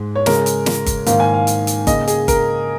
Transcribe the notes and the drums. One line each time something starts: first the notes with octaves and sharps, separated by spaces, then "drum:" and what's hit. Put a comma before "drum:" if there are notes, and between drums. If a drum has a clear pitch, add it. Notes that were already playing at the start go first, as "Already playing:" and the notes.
Already playing: G#2 G#3
C#5
C#3 G#3 A#4, drum: snare
drum: hi-hat
drum: snare
drum: kick G1, hi-hat
G#2 D#3 A#3 F5, drum: hi-hat
G#5
F5
drum: hi-hat
drum: hi-hat
C#3 A#3 D#5, drum: kick G1, hi-hat
G#4, drum: hi-hat
A#4, drum: kick G1, hi-hat